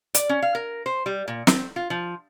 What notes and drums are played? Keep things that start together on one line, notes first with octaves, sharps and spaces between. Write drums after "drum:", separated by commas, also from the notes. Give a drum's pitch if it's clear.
D5, drum: hi-hat
C#4
F5
A#4
C5
G3
A#2
C4, drum: snare
F4
F3